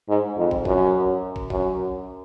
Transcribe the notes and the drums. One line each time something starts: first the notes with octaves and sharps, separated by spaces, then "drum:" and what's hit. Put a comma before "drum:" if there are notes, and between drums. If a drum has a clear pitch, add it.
G#2
F2
drum: kick
F#2, drum: kick
drum: kick
F#2, drum: kick